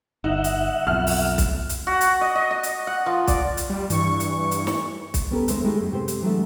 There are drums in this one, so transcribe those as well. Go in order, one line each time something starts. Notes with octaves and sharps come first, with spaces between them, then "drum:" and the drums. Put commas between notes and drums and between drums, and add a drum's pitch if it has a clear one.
G1 D#4 E5 F#5
drum: hi-hat
B1 F2 F6
drum: open hi-hat
drum: kick B1, hi-hat
drum: hi-hat
F#4
drum: hi-hat
D#5
D#5
D#5
drum: hi-hat
F#5
F3
D5, drum: kick B1, hi-hat
drum: hi-hat
G3
G2 E3 C#6, drum: hi-hat
drum: hi-hat
drum: hi-hat
drum: snare
drum: kick B1, hi-hat
B3 C#4 G4 A4 A#4
D#2 C#3 G#3 A#4 C5 E5, drum: hi-hat
G#3 A3 D#4 E4 G4 G#4
F#2
C3 G4 C5
drum: hi-hat
E3 F#3 G#3 A3 D4 E5